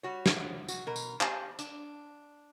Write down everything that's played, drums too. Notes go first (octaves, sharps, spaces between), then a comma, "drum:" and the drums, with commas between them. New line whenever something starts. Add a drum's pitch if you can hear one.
G3 F#4 C#5
drum: snare
F#4, drum: tambourine
B2 A#4
drum: tambourine
G4 C5 F5 G#5 A5, drum: clap
D4, drum: hi-hat